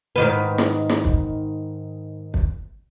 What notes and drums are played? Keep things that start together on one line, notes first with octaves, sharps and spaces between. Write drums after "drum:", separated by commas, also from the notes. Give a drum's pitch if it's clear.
G#2 D#3 B4
drum: snare
drum: snare
drum: kick
drum: kick